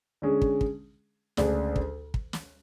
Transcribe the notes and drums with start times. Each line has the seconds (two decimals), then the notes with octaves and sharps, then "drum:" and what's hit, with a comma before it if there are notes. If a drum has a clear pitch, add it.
0.22 D3 G#3 C#4 G#4
0.42 drum: kick
0.61 drum: kick
1.37 D2 C#3 G#3 D4 G#4, drum: snare
1.76 drum: kick
2.14 drum: kick
2.33 drum: snare